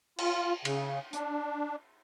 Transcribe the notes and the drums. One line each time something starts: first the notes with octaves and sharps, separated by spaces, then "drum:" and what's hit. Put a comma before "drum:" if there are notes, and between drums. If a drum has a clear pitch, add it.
F4, drum: cymbal
C#3, drum: cymbal
D4, drum: hi-hat